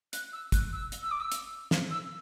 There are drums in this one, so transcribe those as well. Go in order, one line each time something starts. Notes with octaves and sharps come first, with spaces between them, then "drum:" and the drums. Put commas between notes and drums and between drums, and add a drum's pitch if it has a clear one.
F#6, drum: hi-hat
E6
F#6, drum: kick, hi-hat
E6
drum: hi-hat
E6
D6
E6
drum: hi-hat
drum: snare
E6